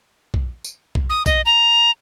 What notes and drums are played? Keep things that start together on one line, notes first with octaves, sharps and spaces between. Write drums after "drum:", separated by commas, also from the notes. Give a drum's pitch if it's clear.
drum: kick
drum: tambourine
drum: kick
D#6
D#5, drum: kick, tambourine
A#5